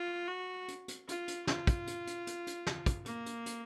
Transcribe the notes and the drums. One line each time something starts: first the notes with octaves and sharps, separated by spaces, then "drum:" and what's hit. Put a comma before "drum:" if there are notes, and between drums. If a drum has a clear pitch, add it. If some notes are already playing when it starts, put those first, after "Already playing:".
Already playing: F4
F#4
drum: hi-hat
drum: hi-hat
F4, drum: hi-hat
drum: hi-hat
F4, drum: snare
drum: kick, hi-hat
drum: hi-hat
drum: hi-hat
drum: hi-hat
drum: hi-hat
drum: snare
drum: kick, hi-hat
A#3, drum: hi-hat
drum: hi-hat
drum: hi-hat